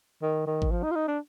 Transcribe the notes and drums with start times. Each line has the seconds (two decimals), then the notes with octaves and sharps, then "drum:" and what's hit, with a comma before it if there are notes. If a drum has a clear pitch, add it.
0.22 D#3
0.46 D#3
0.62 drum: kick G#1
0.71 F3
0.83 D#4
0.91 F4
0.95 D#4
1.08 D4